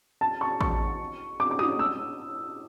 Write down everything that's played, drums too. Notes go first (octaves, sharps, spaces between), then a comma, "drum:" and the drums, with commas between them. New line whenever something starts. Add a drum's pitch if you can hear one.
A5
C#6
C#6, drum: kick A1
D6
D6
D#6, drum: tom
E6